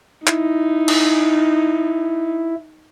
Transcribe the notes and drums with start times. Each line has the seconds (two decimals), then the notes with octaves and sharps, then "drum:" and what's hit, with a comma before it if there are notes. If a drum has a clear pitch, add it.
0.27 D#4 E4, drum: clap
0.88 drum: cymbal